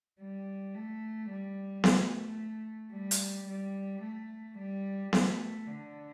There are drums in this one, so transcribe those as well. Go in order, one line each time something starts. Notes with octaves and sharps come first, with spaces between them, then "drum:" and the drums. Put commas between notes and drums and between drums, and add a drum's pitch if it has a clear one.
G3
A3
G3
A3, drum: snare B3
G3
drum: hi-hat
G3
A3
G3
A3, drum: snare B3
D3